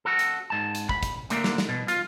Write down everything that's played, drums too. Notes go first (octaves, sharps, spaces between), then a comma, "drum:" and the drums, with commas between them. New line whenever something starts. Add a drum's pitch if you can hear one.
F#4 A4
drum: hi-hat
G#2 A5
drum: hi-hat
B5, drum: kick
drum: kick, hi-hat
D3 A3 A#3, drum: hi-hat
drum: snare
drum: snare
B2
F4, drum: hi-hat